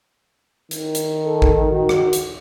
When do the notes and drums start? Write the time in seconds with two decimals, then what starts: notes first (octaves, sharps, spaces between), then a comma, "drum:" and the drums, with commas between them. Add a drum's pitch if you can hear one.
0.71 D#3, drum: hi-hat
0.95 drum: hi-hat
1.26 A4
1.42 drum: kick A1
1.71 F#4
1.89 drum: rim click
2.13 drum: hi-hat